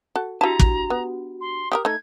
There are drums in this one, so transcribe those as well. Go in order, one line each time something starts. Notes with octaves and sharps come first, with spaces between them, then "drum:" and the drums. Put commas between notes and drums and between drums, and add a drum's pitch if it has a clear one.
F#4 A4
D4 E4 F#4 G4 A5 A#5
drum: kick
B3
C6
G4 G#4 A#4 D#6
A3 D#4 G#6